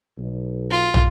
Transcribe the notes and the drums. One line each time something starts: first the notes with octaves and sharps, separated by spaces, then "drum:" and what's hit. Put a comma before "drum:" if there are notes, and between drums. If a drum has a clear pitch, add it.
B1
F4
drum: tom